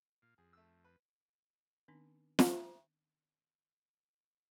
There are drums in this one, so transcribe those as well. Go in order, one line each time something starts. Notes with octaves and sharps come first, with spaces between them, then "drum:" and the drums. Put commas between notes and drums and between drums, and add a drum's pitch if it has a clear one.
A#2 F5
F2 G#4
A3 E6
B4
D#3 B3 C4 D4 D#4
drum: snare